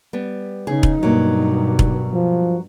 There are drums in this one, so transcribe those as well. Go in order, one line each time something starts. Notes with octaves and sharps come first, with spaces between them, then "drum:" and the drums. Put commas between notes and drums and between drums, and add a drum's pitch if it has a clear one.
G3 B3
C#3 D#4 G#4
drum: kick E1
G2 B2 F#3 A#3
drum: kick E1
F3